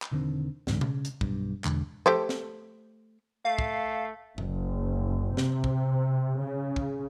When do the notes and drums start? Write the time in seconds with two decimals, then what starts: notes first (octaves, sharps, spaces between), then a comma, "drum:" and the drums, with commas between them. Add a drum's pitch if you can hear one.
0.02 drum: clap
0.11 E1 D3 D#3 C4
0.67 D1 E2 G#2 D3, drum: snare
0.81 C#3, drum: tom B2
1.05 drum: hi-hat
1.21 B1 G2, drum: kick
1.64 E1 E2 D3 G#3, drum: clap
2.06 A3 G4 C5, drum: tom F3
2.29 drum: snare
3.45 A3 F5
3.59 drum: kick
4.38 F#1, drum: tom F#2
5.37 C3, drum: snare
5.64 drum: kick
6.42 C#3
6.76 drum: kick